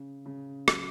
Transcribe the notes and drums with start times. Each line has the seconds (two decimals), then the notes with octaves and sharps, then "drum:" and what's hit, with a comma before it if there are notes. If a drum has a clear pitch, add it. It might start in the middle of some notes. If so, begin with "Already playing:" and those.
Already playing: C#3
0.26 C#3
0.68 F#3, drum: rim click